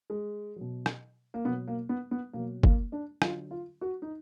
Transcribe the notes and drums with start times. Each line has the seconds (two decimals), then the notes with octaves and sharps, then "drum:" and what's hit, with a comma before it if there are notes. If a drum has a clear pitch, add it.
0.10 G#3
0.56 B2 F#3
0.86 drum: rim click
1.34 A#3
1.45 B2 F#3 B3
1.68 A#3
1.89 B3
2.11 B3
2.33 B2 F#3 A#3
2.63 A#3, drum: kick G1
2.92 D4
3.22 D3 F#3 F4, drum: rim click
3.51 F4
3.81 F#4
4.02 D#4